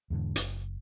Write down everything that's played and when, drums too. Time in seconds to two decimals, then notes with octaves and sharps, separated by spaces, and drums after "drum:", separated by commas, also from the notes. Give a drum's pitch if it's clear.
0.10 E2 G#2 B2 D3
0.36 F#1, drum: hi-hat